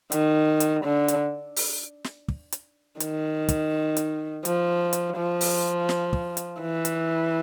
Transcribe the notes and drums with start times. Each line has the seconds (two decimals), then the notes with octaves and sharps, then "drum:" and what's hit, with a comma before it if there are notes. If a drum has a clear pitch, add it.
0.12 D#3, drum: hi-hat
0.60 drum: hi-hat
0.84 D3
1.08 drum: hi-hat
1.56 drum: open hi-hat
2.04 drum: snare
2.28 drum: kick
2.52 drum: hi-hat
3.00 D#3, drum: hi-hat
3.49 drum: kick, hi-hat
3.97 drum: hi-hat
4.45 F3, drum: hi-hat
4.93 drum: hi-hat
5.17 F3
5.41 drum: open hi-hat
5.89 drum: snare
6.13 drum: kick
6.37 drum: hi-hat
6.61 E3
6.85 drum: hi-hat